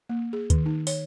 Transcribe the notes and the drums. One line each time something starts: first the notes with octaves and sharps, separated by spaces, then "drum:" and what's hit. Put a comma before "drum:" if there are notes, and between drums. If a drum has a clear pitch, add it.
A#3
G#4
D#3, drum: kick, hi-hat
D#4
C#5, drum: open hi-hat